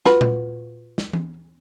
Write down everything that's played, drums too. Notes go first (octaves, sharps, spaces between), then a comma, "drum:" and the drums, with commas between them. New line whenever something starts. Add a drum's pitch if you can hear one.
F4 F#4 B4, drum: snare
drum: tom A#2
drum: snare
drum: tom E3